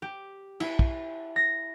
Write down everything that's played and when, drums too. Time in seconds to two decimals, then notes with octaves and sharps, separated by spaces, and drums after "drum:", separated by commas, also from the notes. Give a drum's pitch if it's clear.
0.02 G4
0.60 E4, drum: cymbal
0.79 drum: kick
1.36 A#6